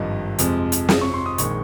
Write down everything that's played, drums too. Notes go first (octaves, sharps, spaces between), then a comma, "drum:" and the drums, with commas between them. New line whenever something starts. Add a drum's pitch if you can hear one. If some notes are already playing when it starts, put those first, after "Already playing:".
Already playing: G#1 G2 F3 A#4 D#5
F2 C3 F3 G#3, drum: hi-hat
drum: hi-hat
drum: snare
C#6
C6
D#6
A#1 D#3 G#3 C#6, drum: hi-hat